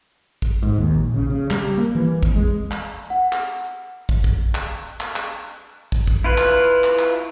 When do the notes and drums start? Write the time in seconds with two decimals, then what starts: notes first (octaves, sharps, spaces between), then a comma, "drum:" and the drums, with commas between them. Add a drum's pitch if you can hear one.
0.42 drum: kick
0.63 G#2
0.78 D#2
0.94 A#1
1.14 C#3
1.30 C#3
1.51 G3, drum: clap
1.77 A#3
1.95 E3
2.23 F2, drum: kick
2.35 G#3
2.71 drum: clap
3.10 F#5
3.32 drum: clap
4.09 drum: kick
4.24 drum: kick
4.55 drum: clap
5.01 drum: clap
5.16 drum: clap
5.92 drum: kick
6.07 drum: kick
6.24 E4 F4 B4
6.38 drum: clap
6.84 drum: clap
6.99 drum: clap